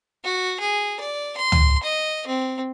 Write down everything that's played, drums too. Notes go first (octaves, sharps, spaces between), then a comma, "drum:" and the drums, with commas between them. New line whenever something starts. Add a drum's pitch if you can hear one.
F#4
G#4
D5
C6
drum: tom
D#5
C4